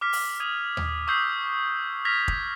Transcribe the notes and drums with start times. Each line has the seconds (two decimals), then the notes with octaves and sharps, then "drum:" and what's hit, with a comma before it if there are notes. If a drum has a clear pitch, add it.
0.01 D6 F6 B6
0.13 drum: open hi-hat
0.40 D#6 G#6 D#7 F7
0.77 drum: tom D#2
1.07 C#6 D#6 E6 G6 B6 C7
2.05 F6 G#6 A#6 B6 F7
2.28 drum: kick